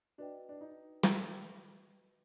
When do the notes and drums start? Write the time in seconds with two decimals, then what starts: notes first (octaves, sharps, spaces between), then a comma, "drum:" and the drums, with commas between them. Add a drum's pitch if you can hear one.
0.18 D4 F#4 B4 D#5 G5
0.49 D4
0.61 D#4
1.03 drum: snare